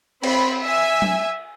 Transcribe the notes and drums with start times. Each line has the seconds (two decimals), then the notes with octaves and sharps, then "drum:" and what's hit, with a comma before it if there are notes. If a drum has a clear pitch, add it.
0.23 C4 B5, drum: cymbal
0.63 E5 G#5
1.02 drum: tom